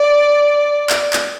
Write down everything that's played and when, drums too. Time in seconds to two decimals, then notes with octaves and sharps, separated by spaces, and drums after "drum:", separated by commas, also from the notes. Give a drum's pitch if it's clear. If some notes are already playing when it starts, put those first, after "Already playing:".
Already playing: D5
0.90 drum: clap
1.13 drum: clap